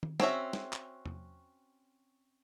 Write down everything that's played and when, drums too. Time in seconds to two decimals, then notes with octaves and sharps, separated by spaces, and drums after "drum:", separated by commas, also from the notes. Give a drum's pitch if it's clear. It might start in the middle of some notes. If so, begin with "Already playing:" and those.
0.03 drum: tom D#3
0.20 C4 C#4 F#4 E5, drum: snare
0.53 drum: snare
0.73 drum: clap
1.06 drum: tom E2